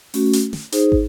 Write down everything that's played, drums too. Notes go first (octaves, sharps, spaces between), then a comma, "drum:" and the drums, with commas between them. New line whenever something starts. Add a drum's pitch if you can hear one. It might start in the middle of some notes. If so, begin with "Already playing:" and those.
A3 C#4 F#4, drum: open hi-hat
drum: hi-hat
drum: snare
D#4 G#4 C5, drum: hi-hat
drum: kick